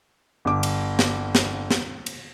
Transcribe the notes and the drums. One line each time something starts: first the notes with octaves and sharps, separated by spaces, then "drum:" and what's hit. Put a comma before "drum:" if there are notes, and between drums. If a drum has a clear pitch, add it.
G1 D6
drum: cymbal
drum: snare
drum: snare
drum: snare
drum: cymbal